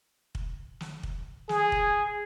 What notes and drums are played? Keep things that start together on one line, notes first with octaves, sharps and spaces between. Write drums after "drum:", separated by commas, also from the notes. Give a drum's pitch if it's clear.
drum: kick
drum: snare
drum: kick
G#4, drum: snare
drum: kick